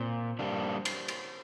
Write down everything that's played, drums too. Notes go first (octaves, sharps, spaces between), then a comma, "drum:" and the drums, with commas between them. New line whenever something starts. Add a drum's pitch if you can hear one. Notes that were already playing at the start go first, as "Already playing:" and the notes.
Already playing: A#2 C4
G3 A#3 D4
drum: cymbal
drum: cymbal